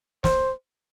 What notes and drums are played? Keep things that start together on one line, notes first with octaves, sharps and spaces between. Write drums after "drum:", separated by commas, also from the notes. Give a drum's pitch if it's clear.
C5, drum: snare